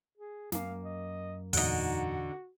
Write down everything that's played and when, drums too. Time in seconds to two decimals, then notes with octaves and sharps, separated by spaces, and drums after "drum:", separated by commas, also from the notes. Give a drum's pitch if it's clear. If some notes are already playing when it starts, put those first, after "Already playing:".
0.17 G#4
0.52 F#2 A#3 F5, drum: snare
0.85 D#5
1.53 E2 A#2 D3 D#4 F#4, drum: open hi-hat